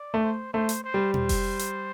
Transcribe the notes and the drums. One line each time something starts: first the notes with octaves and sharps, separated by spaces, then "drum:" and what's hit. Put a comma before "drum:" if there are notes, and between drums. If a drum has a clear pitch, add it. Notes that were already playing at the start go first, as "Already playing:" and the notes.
Already playing: D5
A3
C5
A3 C5
drum: hi-hat
C5
G3
C5, drum: tom
drum: kick F1, open hi-hat
drum: hi-hat